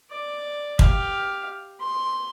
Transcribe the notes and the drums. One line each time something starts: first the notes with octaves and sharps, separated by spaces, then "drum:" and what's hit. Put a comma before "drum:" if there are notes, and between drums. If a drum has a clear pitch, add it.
D5
G4 F5, drum: kick
C6